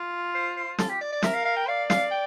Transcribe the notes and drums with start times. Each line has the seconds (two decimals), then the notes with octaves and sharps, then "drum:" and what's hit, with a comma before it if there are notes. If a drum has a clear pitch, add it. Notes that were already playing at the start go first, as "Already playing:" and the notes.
Already playing: F4
0.35 C5
0.57 C5
0.79 A4, drum: snare
0.89 G4
1.01 D5
1.12 D5
1.23 A#4 E5, drum: snare
1.34 F5
1.45 F5
1.57 G5
1.67 D5 F5
1.90 F5, drum: snare
2.11 G5